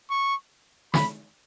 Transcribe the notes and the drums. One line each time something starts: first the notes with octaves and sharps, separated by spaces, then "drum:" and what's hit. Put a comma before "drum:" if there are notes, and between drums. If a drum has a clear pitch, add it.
C#6
B5, drum: snare